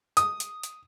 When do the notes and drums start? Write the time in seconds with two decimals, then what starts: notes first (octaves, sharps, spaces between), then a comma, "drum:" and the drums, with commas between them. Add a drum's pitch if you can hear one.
0.17 D#6, drum: hi-hat
0.40 drum: hi-hat
0.63 drum: hi-hat